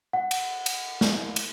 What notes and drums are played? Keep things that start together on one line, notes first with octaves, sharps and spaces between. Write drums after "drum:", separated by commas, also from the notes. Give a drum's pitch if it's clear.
F#5
drum: cymbal
drum: cymbal
drum: snare
drum: cymbal